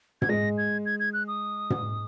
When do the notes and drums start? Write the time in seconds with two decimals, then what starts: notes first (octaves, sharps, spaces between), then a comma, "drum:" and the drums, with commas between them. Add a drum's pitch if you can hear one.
0.22 G#6, drum: tom
0.29 G#3 A#6
0.58 G#6
0.86 G#6
1.00 G#6
1.13 F#6
1.28 D#6
1.70 drum: tom